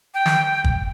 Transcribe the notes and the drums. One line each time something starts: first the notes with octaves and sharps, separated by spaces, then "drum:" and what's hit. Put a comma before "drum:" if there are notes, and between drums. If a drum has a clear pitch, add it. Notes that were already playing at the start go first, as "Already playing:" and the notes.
G5
drum: snare
drum: kick